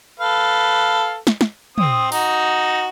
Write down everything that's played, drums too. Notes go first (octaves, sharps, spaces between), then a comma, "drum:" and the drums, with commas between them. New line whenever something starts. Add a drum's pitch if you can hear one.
A4 B4 F5
drum: snare
drum: snare
C4 D#6, drum: tom
D#4 F#4, drum: open hi-hat